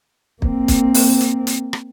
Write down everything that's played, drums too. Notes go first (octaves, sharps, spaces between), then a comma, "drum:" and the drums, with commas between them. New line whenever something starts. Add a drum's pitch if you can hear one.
A#3 C4, drum: kick
drum: kick, hi-hat
drum: open hi-hat
drum: hi-hat
drum: hi-hat
drum: rim click